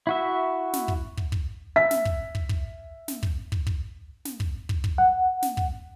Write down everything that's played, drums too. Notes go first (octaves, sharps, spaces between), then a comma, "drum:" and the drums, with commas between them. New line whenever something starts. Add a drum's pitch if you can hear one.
E4 F#4 E5
drum: snare
drum: kick
drum: kick
drum: kick
E5 B6
drum: snare
drum: kick
drum: kick
drum: kick
drum: snare
drum: kick
drum: kick
drum: kick
drum: snare
drum: kick
drum: kick
drum: kick
F#5
drum: snare
drum: kick